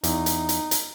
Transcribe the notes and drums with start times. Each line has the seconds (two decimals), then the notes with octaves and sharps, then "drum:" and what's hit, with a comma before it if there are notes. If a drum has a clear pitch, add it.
0.04 E2 D#4, drum: hi-hat
0.26 drum: hi-hat
0.49 drum: hi-hat
0.71 drum: hi-hat